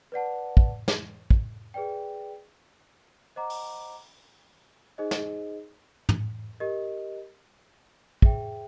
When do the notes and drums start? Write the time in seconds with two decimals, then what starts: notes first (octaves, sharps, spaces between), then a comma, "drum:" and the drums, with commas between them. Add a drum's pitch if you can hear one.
0.12 B4 D5 F#5 A5
0.57 drum: kick
0.88 drum: snare
1.31 drum: kick
1.74 G#4 B4 D5 G5
3.36 C5 D#5 F#5 A#5 D6
3.50 drum: open hi-hat
4.98 D#4 G#4 C5 D#5
5.11 drum: snare
6.09 drum: tom
6.60 G4 A#4 D#5
8.22 G#4 C5 E5 G5, drum: kick